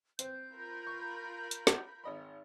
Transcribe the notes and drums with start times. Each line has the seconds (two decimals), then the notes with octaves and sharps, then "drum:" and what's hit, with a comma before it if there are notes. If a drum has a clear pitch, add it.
0.19 C4 C5 G6, drum: hi-hat
0.54 F4 A#4 B5
0.87 C#6
1.51 drum: hi-hat
1.67 drum: snare
2.04 G#1 D#5 B5